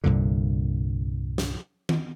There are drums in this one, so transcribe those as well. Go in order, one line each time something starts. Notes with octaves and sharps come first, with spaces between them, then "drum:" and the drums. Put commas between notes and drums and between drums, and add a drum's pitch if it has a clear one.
C2 G2 A#2 D3
drum: snare
drum: tom D#3